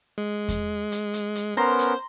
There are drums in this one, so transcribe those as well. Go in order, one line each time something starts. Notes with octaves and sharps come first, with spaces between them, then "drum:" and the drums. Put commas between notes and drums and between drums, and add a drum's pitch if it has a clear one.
G#3
drum: kick E2, hi-hat
drum: hi-hat
drum: hi-hat
drum: hi-hat
B3 C#4 A#4 C5 A#5 C6
drum: hi-hat